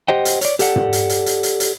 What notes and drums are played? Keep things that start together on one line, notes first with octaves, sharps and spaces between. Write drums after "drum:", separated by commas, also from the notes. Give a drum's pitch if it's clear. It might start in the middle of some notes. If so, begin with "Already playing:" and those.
G4 C5 D#5 F#5 G5
drum: hi-hat
C#5 D5, drum: hi-hat
G4 A4 D5 F#5, drum: hi-hat
drum: tom
drum: hi-hat
drum: hi-hat
drum: hi-hat
drum: hi-hat
drum: hi-hat